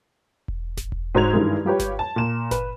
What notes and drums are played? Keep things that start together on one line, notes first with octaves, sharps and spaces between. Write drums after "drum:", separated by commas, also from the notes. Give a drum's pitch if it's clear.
drum: kick E1
drum: snare G1
drum: kick E1
G#2 F#4 C5 C#5 G#6 F7
G2 D#3 E3 G#3
G3 F4 G4 B4 C#5
drum: snare G1
A5
A#2 E7
B4, drum: snare G1